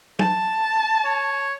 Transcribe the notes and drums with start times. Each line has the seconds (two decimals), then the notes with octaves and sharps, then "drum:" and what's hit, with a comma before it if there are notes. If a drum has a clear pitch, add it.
0.19 A5, drum: tom F#3
1.05 C#5